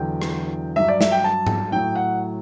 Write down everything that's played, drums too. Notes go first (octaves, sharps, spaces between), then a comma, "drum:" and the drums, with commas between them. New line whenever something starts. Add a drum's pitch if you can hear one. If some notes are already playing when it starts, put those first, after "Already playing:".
Already playing: E2 D3 F#3 G5
drum: rim click
G2 F#3 E5
D5
E5, drum: snare
G5
A5
drum: tom G#2
A2 F#3 G5
F#5